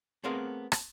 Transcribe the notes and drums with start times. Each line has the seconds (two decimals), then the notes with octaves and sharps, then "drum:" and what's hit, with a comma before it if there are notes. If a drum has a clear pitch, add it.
0.24 A3 B3 C4 G#4 A#4 F5
0.72 drum: rim click